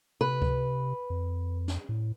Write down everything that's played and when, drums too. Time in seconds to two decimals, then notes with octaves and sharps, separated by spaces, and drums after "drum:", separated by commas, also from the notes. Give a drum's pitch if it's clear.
0.21 C3 B4
0.42 drum: kick C#2
1.10 F2
1.68 drum: snare
1.89 A2